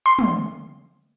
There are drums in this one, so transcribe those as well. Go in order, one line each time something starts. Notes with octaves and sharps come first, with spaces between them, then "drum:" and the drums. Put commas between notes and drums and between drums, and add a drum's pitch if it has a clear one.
C6
drum: tom